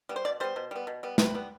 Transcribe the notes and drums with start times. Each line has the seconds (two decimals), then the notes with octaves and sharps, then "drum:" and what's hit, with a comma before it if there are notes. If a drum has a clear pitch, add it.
0.09 G3 B3
0.16 C5
0.25 B2 D5
0.40 G3 B3 C5
0.56 B2
0.71 G3 B3
0.87 B2
1.03 G3 B3
1.18 C3 B4, drum: snare
1.34 G3 B3